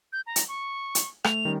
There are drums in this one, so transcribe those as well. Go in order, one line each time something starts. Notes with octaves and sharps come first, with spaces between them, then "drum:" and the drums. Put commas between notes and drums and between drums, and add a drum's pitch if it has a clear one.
G6
A#5
drum: hi-hat
C#6
drum: hi-hat
A3 F7, drum: rim click
D#3 G3 C#4